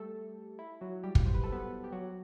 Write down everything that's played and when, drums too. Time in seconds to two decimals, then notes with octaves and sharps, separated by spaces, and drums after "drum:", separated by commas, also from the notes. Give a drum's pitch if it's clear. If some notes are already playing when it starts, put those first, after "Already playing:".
Already playing: G3 A3 G4 A4
0.59 E4
0.81 F#3 F#4
1.04 G3 G4
1.15 drum: kick
1.25 C5
1.34 B4
1.44 A4
1.52 B3 B4
1.84 G4
1.92 F#3 F#4